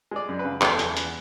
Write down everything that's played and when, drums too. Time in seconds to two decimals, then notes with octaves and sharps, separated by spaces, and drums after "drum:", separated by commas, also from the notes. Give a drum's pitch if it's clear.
0.11 G#3 D5
0.29 F#2
0.39 B4
0.45 C#3
0.62 E2 A4, drum: clap
0.79 E2, drum: hi-hat
0.97 B3, drum: hi-hat